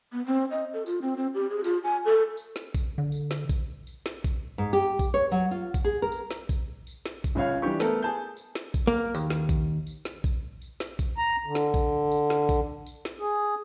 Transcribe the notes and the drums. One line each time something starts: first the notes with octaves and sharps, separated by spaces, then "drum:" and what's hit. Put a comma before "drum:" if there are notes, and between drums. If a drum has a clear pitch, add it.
B3
C4
D#5
A4
F4, drum: tambourine
C4
C4
G4
G#4
F4, drum: tambourine
G#5
A4
drum: tambourine
drum: snare
drum: kick A#1, tambourine
D3
drum: tambourine
drum: snare
drum: kick A#1, tambourine
drum: tambourine
drum: snare
drum: kick A#1, tambourine
G#2
G4
drum: kick A#1, tambourine
C#5
F#3
F4
drum: kick A#1, tambourine
G#4
A#4
drum: tambourine
drum: snare
drum: kick A#1, tambourine
drum: tambourine
drum: snare
drum: kick A#1, tambourine
C#2 C#3 C#5 F5
E3 G3 D4 G4 C#6
A3 B3 A4 A#4, drum: snare
G#4 A5 G6
drum: tambourine
drum: snare
drum: kick A#1, tambourine
A#3
D#2, drum: tambourine
drum: snare
drum: kick A#1, tambourine
drum: tambourine
drum: snare
drum: kick A#1, tambourine
drum: tambourine
drum: snare
drum: kick A#1, tambourine
A#5
D3
drum: snare
drum: kick A#1, tambourine
drum: tambourine
drum: snare
drum: kick A#1, tambourine
drum: tambourine
drum: snare
G#4